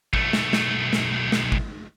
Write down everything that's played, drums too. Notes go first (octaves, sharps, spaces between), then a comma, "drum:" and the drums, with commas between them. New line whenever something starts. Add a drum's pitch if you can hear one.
B1 A3, drum: kick G#1
drum: snare
drum: snare
drum: snare
drum: snare
drum: kick G#1